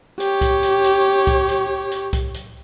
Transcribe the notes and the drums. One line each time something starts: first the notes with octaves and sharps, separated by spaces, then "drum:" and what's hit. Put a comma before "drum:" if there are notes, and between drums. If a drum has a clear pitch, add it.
G4 C#5, drum: hi-hat
drum: kick B1, hi-hat
drum: hi-hat
drum: hi-hat
drum: kick B1, hi-hat
drum: hi-hat
drum: hi-hat
drum: kick B1, hi-hat
drum: hi-hat